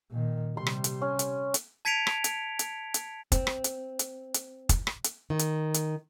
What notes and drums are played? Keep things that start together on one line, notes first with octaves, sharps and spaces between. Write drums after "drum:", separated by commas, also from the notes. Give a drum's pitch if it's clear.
A#2 D#3
C3 G3 C6
drum: rim click
drum: hi-hat
C#4
drum: hi-hat
drum: hi-hat
A5 G#6 B6 C#7 D7 F7
drum: rim click
drum: hi-hat
drum: hi-hat
drum: hi-hat
C4, drum: kick, hi-hat
drum: rim click
drum: hi-hat
drum: hi-hat
drum: hi-hat
drum: kick, hi-hat
drum: rim click
drum: hi-hat
D#3
drum: hi-hat
drum: hi-hat